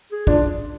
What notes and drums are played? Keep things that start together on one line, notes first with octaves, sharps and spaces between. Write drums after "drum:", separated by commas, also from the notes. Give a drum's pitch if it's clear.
G#4
D4 F4, drum: kick